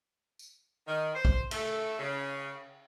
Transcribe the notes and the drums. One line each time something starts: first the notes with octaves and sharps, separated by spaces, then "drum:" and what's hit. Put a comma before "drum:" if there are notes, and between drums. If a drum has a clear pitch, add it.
drum: tambourine
D#3
C5
drum: kick
A3, drum: cymbal
C#3